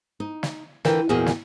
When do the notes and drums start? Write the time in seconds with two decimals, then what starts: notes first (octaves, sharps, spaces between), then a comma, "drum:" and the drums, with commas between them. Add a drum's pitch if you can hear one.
0.20 D#4
0.43 drum: snare
0.85 D3 E3 F4 A#4 G5, drum: snare
1.09 E2 A#2 F#4 G#4 D#5 G5
1.26 drum: snare